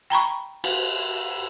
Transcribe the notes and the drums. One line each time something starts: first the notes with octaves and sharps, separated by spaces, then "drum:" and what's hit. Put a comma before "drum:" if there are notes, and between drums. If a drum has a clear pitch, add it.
G5 A#5 B5 C#6
drum: cymbal